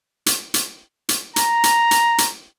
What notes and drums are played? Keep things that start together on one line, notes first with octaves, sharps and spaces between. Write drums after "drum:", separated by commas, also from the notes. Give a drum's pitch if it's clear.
drum: hi-hat
drum: hi-hat
drum: hi-hat
A#5, drum: hi-hat
drum: hi-hat
drum: hi-hat
drum: hi-hat